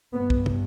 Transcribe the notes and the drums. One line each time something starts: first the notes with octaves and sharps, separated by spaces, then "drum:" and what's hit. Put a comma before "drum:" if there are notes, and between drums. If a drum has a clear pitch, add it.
G2 B3
drum: kick
drum: tom